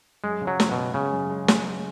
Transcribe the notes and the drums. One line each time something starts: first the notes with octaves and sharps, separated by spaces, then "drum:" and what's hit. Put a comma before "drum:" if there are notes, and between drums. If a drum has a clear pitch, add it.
F#2 G#3
C#3
F#3
F#2, drum: snare
B2
F#2
C#3 G#3
F#2
G#3
F#2, drum: snare
G#3